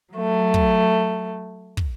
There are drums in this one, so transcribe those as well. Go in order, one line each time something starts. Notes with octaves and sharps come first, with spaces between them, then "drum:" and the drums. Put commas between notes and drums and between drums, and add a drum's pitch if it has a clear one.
F#3 A3
drum: kick
drum: kick